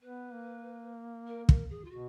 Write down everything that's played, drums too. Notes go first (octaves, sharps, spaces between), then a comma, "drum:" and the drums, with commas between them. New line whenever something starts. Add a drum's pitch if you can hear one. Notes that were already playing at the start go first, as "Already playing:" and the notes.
B3 B4
A#3
A#4
A#4, drum: kick
G#4
F4
B2 F#4